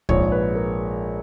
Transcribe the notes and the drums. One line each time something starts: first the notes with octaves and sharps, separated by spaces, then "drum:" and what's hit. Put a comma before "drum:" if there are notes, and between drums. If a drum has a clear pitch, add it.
A#1 G#2 F3 C#5, drum: kick
B4
A#4